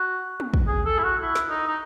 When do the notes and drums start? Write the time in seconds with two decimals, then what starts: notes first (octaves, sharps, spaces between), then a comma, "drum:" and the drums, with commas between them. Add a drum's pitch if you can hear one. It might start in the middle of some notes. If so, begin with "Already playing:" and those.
Already playing: F#4
0.40 drum: tom
0.54 drum: kick
0.67 G#4
0.86 A4
0.98 E4
1.04 F#4
1.22 E4
1.36 drum: snare
1.49 D#4
1.67 D#4